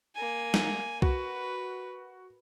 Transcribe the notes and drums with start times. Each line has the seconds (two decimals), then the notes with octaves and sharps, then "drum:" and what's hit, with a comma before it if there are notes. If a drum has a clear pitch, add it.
0.15 A#3 G#5
0.54 drum: snare
1.02 F#4 B4, drum: kick C2